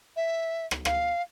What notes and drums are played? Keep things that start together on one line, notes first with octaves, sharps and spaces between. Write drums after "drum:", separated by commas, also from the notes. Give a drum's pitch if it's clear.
E5
drum: rim click
F5, drum: rim click